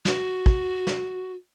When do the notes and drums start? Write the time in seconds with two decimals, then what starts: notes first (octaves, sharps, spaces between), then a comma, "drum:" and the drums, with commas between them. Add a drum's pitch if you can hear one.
0.05 F#4, drum: snare
0.46 drum: kick
0.87 drum: snare